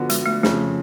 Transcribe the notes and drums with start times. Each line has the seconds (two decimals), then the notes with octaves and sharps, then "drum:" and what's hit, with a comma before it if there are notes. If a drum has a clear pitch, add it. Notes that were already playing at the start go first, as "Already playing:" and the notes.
Already playing: D3 F3 B3 D4 F#4
0.09 G#3, drum: hi-hat
0.26 A3
0.43 F2 C#3 F3 A3, drum: snare